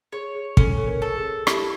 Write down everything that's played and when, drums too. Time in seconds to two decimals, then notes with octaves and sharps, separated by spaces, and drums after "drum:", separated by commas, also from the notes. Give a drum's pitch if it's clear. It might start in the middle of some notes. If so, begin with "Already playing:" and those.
0.12 G#4 C#5
0.35 G#4
0.57 C#4 A4, drum: kick
0.78 A4
0.87 A#4
1.02 A4
1.17 G#4
1.47 E4 G4, drum: rim click